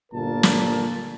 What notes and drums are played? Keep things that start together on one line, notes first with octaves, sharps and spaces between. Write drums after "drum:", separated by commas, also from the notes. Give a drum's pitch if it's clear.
G1 A#2 A#4 A5
drum: snare